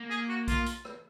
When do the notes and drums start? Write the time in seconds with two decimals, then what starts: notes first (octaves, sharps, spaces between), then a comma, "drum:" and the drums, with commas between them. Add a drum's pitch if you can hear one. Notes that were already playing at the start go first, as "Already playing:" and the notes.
Already playing: A#3
0.10 G#4
0.29 F#4
0.48 F4, drum: kick B1, hi-hat
0.66 drum: hi-hat
0.85 drum: rim click